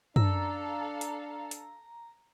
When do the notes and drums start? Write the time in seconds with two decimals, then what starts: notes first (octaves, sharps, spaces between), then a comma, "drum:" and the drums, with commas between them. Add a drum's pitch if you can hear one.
0.16 D4 A4 F5 A#5 E6, drum: tom
1.01 drum: hi-hat
1.51 drum: hi-hat